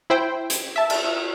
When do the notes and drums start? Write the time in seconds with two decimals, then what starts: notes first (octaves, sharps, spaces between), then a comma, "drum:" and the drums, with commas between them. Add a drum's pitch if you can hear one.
0.10 E4 C5 G5
0.50 drum: hi-hat
0.76 E5 A5
0.90 drum: cymbal